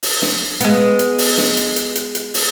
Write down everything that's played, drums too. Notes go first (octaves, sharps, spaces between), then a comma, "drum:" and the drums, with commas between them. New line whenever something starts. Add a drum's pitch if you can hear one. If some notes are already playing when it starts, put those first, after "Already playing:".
drum: open hi-hat
drum: snare
G#3 B3, drum: hi-hat
drum: hi-hat
drum: open hi-hat
drum: snare
drum: hi-hat
drum: hi-hat
drum: hi-hat
drum: hi-hat
drum: open hi-hat